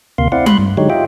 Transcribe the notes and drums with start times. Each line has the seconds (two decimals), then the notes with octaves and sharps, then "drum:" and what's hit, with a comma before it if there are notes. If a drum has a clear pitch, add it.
0.18 D2 C3 A#3 F5 C6
0.32 C4 E4 D5 F5 F#5
0.46 B5 C6 F#6, drum: tom G3
0.59 G2
0.77 D3 F#3 G#3 D#4 G4 C#5
0.90 F4 G4 D#5 E5 G5